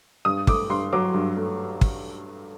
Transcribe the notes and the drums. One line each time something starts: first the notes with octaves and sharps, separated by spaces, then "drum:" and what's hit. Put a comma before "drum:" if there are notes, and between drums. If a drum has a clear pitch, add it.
G2 D#6
A3 D6, drum: kick
G2 C6
F#3 D6
G2
A3
drum: kick